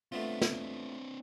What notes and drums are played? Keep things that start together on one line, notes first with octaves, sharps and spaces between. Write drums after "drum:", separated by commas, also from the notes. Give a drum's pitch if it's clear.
A3 B3 C4 D4 F4
drum: snare